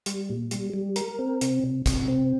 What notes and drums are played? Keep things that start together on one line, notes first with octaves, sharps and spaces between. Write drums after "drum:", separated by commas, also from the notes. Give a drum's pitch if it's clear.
G3, drum: hi-hat
A#2
G3, drum: hi-hat
G3
A#4, drum: hi-hat
C4
C3, drum: hi-hat
C3
C3, drum: kick, hi-hat
C4